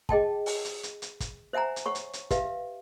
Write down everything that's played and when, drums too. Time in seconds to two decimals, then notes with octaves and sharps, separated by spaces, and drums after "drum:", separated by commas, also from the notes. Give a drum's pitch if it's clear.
0.09 G#4 D#5 G5 A5, drum: kick
0.46 drum: open hi-hat
0.65 drum: hi-hat
0.83 drum: hi-hat
1.02 drum: hi-hat
1.20 drum: kick, hi-hat
1.53 C5 E5 F#5 G#5 A#5
1.76 drum: hi-hat
1.86 C#5 F#5 C#6
1.95 drum: hi-hat
2.13 drum: hi-hat
2.31 G4 B4 E5 F5, drum: kick, hi-hat